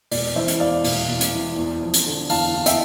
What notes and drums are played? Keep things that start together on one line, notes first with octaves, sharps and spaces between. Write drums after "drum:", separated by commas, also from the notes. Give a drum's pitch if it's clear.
E1 D5, drum: open hi-hat
E3 C5 E5
drum: hi-hat
E2 D5 F5
E1, drum: open hi-hat
E1
drum: hi-hat
E3
E2
F3
drum: hi-hat
D3
E2 F5 A5, drum: open hi-hat
E2
E5 G5, drum: hi-hat